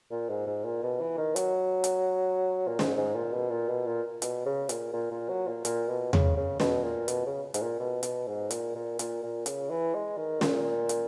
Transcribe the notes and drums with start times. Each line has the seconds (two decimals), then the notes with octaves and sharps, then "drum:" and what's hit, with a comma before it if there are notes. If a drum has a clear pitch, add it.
0.11 A#2
0.29 G#2
0.47 G#2
0.65 A#2
0.83 B2
1.00 E3
1.18 D#3
1.36 F#3, drum: hi-hat
1.84 drum: hi-hat
2.68 A#2
2.79 G#2, drum: snare
2.96 G#2
3.15 A#2
3.33 B2
3.50 A#2
3.69 B2
3.86 A#2
4.22 B2, drum: hi-hat
4.46 C#3
4.69 A#2, drum: hi-hat
4.93 A#2
5.11 A#2
5.29 F#3
5.48 A#2
5.65 A#2, drum: hi-hat
5.88 B2
6.13 C#3, drum: tom E2
6.37 C#3
6.60 B2, drum: snare
6.84 A#2
7.08 B2, drum: hi-hat
7.26 C#3
7.54 G#2, drum: hi-hat
7.62 A#2
7.79 B2
8.03 B2, drum: hi-hat
8.27 G#2
8.51 A#2, drum: hi-hat
8.75 A#2
8.99 A#2, drum: hi-hat
9.23 A#2
9.46 C#3, drum: hi-hat
9.70 E3
9.94 G#3
10.17 D#3
10.41 A#2, drum: snare
10.89 drum: hi-hat